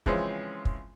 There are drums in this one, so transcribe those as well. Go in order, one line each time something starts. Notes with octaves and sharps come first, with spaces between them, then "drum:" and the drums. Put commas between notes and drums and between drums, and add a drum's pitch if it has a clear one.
C#3 E3 F3 G#3 C4 C#4, drum: kick
drum: kick